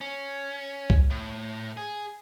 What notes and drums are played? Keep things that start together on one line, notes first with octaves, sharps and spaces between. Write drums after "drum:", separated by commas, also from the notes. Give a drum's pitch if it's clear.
C#4
drum: kick C2
A2
G#4